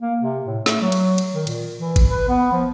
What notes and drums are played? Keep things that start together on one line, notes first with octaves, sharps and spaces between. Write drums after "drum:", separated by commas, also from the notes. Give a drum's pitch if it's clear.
A#3
C3
A2
A3, drum: snare
F#3
drum: cymbal
drum: cymbal
D#3
A#2, drum: cymbal
E3
drum: kick G#1, cymbal
B4
B3
F3